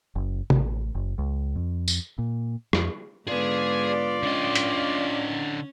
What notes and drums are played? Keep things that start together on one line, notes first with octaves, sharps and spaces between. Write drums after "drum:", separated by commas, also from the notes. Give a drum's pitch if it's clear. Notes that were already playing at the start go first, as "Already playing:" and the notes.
F#1
A1, drum: tom
F#1
C#2
F2
drum: tambourine
A#2
F2, drum: rim click
G#2 D3 B3 F4 G#4 D5
D3 C#4 D#5
drum: hi-hat